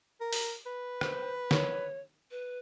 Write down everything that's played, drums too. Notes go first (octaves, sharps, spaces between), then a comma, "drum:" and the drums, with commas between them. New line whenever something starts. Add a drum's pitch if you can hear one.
A#4
drum: open hi-hat
B4
C5, drum: rim click
C#5, drum: snare
B4